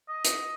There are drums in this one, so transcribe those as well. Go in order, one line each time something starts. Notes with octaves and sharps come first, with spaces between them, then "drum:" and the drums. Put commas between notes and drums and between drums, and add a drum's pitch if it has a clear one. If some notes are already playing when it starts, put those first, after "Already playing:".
D#5
drum: hi-hat